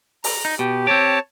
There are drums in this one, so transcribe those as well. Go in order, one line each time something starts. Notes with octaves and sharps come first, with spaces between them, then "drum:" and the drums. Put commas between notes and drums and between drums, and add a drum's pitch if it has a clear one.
A#5, drum: open hi-hat
D#4
B2 G4
C4 G4 C#5 A5